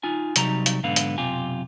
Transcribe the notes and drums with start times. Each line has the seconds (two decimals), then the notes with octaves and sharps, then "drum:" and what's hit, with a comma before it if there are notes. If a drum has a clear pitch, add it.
0.03 D#4 F4 G#5
0.36 C3 F#3 G3 D#4 A#5, drum: hi-hat
0.66 drum: hi-hat
0.84 B1 G#2 D3 B3 F5
0.96 drum: hi-hat
1.18 B1 F#2 C3 F4 G4 G#5